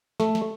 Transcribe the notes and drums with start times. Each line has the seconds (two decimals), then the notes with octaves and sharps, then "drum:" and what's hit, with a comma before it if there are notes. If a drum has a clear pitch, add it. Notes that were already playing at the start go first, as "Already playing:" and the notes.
0.20 A3, drum: snare
0.35 drum: snare